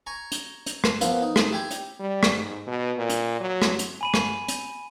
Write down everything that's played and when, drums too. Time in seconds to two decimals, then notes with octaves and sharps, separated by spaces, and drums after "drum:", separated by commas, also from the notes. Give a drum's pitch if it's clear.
0.07 G#5 A#5 C#6
0.32 drum: hi-hat
0.66 drum: hi-hat
0.84 drum: rim click
1.01 F3 A#3 B3 E4 F4, drum: hi-hat
1.22 D#4
1.36 drum: rim click
1.52 E4 G4 E5 G5 G#5
1.71 drum: hi-hat
2.00 G3
2.23 drum: rim click
2.35 G#2
2.67 B2
2.97 A#2
3.09 drum: hi-hat
3.40 F#3
3.62 drum: rim click
3.79 drum: hi-hat
4.01 G#5 B5 D#7
4.14 drum: rim click
4.48 drum: hi-hat